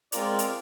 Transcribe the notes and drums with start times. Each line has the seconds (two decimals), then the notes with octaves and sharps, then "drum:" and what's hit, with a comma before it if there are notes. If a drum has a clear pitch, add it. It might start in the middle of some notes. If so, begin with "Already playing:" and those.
0.12 G#3 C4 F4 A#4 D5, drum: hi-hat
0.39 drum: hi-hat